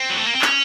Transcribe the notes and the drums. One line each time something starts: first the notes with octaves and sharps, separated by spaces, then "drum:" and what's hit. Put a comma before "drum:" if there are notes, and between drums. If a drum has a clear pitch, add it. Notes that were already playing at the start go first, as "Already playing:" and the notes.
Already playing: C4
F#3
A3
A#3
C4
C#4, drum: clap